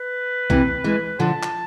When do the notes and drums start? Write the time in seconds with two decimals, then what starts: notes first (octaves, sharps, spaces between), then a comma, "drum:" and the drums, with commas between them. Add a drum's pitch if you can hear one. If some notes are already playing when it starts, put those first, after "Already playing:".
Already playing: B4
0.50 C3 E3, drum: kick B1
0.84 E3 G#3
1.20 D3 F3 A5
1.43 drum: clap